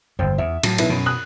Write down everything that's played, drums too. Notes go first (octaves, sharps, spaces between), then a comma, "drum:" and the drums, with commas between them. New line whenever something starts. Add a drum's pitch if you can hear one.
G1 F2 C5 G5
E2 E5
A2 F#3, drum: cymbal
B1 E4 B4, drum: cymbal
F#2 B2
D#6 F#6